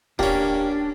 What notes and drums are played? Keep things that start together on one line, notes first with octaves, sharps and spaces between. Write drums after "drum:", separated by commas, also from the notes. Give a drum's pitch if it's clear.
A#3 C#4 D4 G4, drum: kick D1